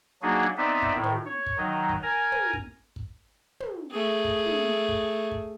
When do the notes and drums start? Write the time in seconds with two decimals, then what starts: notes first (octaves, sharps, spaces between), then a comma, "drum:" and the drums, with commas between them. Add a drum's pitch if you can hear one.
0.22 F#3 A#3 D4 D#4 F#4 G#4
0.57 B3 C4 D#4 D5 E5
0.82 drum: kick
0.94 A2 D#3
1.04 drum: tom
1.25 C#5
1.46 drum: kick
1.57 D#3 F#3 D#4
1.89 drum: kick
2.03 A#4 G#5 A#5
2.32 drum: tom
2.53 drum: kick
2.96 drum: kick
3.60 drum: tom
3.91 A3 G#4
4.24 drum: kick
4.46 drum: tom
4.89 drum: kick
5.31 drum: kick